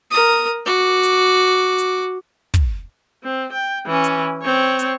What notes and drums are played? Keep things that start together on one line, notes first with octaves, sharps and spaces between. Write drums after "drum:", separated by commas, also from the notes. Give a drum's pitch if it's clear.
A#4 D#6
F#4 D6
drum: hi-hat
drum: hi-hat
drum: kick, hi-hat
C4
G5
E3 C#4
drum: hi-hat
C4 C#5
drum: hi-hat